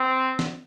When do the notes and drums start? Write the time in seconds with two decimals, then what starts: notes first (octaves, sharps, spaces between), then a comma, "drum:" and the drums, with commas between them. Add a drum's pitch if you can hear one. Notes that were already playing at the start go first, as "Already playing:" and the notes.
Already playing: C4
0.39 drum: snare